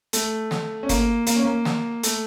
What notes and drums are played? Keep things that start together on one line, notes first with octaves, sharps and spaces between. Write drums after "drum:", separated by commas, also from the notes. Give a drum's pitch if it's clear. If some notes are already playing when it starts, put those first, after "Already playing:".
A3, drum: hi-hat
drum: snare
C#4
A#3, drum: kick, hi-hat
A#3, drum: hi-hat
C#4
A#3
drum: snare
A3, drum: hi-hat